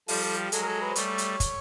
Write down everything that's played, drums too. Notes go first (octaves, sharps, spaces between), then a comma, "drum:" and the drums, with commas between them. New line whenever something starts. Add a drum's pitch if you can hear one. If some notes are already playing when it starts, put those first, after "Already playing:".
F3 G3 A4, drum: open hi-hat
A4
G4
F#3 G#3 A4, drum: hi-hat
A#4
A4
B4
C5
G3 A3 C#5, drum: hi-hat
drum: hi-hat
drum: kick, hi-hat